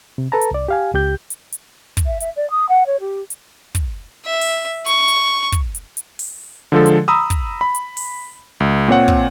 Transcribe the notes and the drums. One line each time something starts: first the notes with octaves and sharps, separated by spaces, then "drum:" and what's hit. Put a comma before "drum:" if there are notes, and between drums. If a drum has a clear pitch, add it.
C3
A4 B4 A5 A#5
drum: hi-hat
C2 D5
G4 F5 G#5
C#2 G4 G6
drum: hi-hat
drum: hi-hat
drum: kick, hi-hat
E5
E5, drum: hi-hat
D5
D#6
F#5
C#5
G4
drum: hi-hat
drum: kick, hi-hat
E5
drum: open hi-hat
C#6, drum: hi-hat
drum: hi-hat
drum: kick, hi-hat
drum: hi-hat
drum: hi-hat
drum: open hi-hat
D3 F3 G#3 A4
drum: hi-hat
A#5 B5 D#6 E6
drum: kick, hi-hat
B5
drum: hi-hat
drum: open hi-hat
C#2
A#2 C4 C#5 F#5
drum: kick